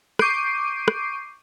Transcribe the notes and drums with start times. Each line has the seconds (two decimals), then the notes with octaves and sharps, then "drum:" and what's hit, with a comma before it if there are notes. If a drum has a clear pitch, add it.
0.19 C#6 D6 G6 C7 D7 D#7, drum: rim click
0.88 drum: rim click